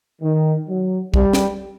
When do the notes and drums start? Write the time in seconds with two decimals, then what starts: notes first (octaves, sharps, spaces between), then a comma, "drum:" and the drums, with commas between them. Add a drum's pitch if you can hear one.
0.22 D#3
0.68 F#3
1.14 G3, drum: kick
1.33 drum: snare